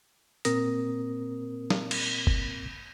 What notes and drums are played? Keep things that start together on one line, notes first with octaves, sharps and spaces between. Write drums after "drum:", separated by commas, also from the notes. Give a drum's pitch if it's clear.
A#2 A#3 C4 A#4 D#6 A#6, drum: hi-hat
drum: snare
drum: cymbal
drum: kick